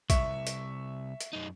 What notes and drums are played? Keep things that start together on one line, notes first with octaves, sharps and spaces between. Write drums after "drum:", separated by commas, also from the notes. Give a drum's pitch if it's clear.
C2 E5 C#6, drum: kick, hi-hat
drum: hi-hat
drum: hi-hat
F#2 D#4